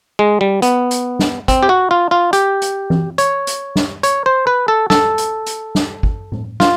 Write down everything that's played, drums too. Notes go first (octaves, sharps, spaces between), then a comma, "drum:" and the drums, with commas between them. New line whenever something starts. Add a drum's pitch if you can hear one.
G#3
G3
B3, drum: hi-hat
drum: hi-hat
drum: snare
C4, drum: kick, hi-hat
G4
F#4
F4
F4
G4, drum: hi-hat
drum: hi-hat
drum: tom E3
C#5, drum: hi-hat
drum: hi-hat
drum: snare
C#5, drum: hi-hat
C5
B4
A4
A4, drum: snare
drum: hi-hat
drum: hi-hat
drum: snare
drum: kick
drum: tom A2
F4, drum: snare